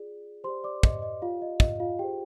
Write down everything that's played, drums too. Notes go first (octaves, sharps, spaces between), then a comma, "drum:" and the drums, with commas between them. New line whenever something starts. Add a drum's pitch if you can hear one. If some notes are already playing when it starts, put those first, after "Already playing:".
Already playing: F4 G#4 D5
G4 C5 D5 C6
D5 D6
D#5, drum: kick
D#5
F4 G4 A#4 D5 F5
D#5
D#5, drum: kick
F4 F5
F4 G4 G#4 C5 G5